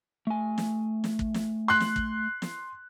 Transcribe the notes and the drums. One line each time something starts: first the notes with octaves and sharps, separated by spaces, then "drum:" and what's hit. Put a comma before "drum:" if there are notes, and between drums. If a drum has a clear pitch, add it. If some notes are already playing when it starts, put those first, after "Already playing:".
A3 G#5
drum: snare
drum: snare
drum: kick
drum: snare
C6 F#6
drum: snare
drum: kick
drum: snare